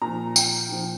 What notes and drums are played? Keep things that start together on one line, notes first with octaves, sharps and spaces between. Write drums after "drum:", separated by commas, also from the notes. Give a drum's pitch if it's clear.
A#2 F3 A#5
G5, drum: tambourine
A#2 F3